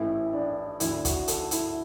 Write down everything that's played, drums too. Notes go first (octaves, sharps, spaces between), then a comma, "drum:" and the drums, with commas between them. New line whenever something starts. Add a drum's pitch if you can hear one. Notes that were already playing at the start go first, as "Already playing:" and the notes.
Already playing: A1 A2 E3 E4
D4
D2 D3 E4, drum: hi-hat
F#4, drum: kick, hi-hat
A4, drum: hi-hat
E4, drum: hi-hat